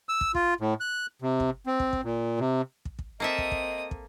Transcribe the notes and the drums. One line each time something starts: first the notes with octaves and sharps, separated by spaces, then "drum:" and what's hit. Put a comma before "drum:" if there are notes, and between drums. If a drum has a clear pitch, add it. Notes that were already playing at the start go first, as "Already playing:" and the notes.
E6
drum: kick
F4, drum: kick
A2
F#6
C3
drum: kick
C4
drum: kick
drum: kick
A#2
C3
drum: kick
drum: kick
A#3 C4 A4 D#5 E5 D#6
drum: kick
drum: kick
drum: kick